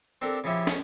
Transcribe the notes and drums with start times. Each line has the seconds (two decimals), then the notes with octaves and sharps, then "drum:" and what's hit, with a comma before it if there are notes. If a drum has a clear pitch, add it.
0.22 C4 D4 G4 A4 A#4
0.44 C#3 F3 C#4 E4 G4
0.67 C#4 G#4 C#5, drum: snare